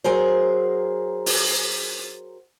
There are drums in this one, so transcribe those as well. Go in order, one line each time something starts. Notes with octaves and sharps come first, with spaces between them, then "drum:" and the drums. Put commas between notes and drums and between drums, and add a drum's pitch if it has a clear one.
F#3 G#4 A#4 C5
drum: open hi-hat